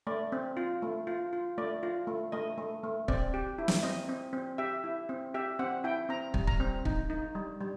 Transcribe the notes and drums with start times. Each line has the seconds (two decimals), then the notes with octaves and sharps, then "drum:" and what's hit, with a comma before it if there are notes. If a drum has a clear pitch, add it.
0.07 A3 D5
0.32 C4
0.57 F4
0.82 A3
1.07 F4
1.33 F4
1.58 A3 D5
1.83 F4
2.07 A3
2.32 A3 D#5
2.58 A3
2.84 A3
3.08 C4 D5, drum: kick
3.34 G4
3.58 E4
3.68 drum: snare
3.83 C4 D#5
4.09 C4
4.33 C4
4.58 G4 E5
4.84 E4
5.09 C4
5.34 G4 E5
5.59 C4 F#5
5.84 E4 G5
6.09 C4 A#5
6.34 G3, drum: kick
6.47 A#5, drum: kick
6.60 C4
6.85 D#4, drum: kick
7.10 D#4
7.35 G3
7.61 G3